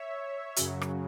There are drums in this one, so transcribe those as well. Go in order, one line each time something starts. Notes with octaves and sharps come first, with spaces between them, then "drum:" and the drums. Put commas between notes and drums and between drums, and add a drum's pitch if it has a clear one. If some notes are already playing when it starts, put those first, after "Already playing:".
Already playing: C#5 E5
F#2 C#3 F#3, drum: hi-hat
drum: rim click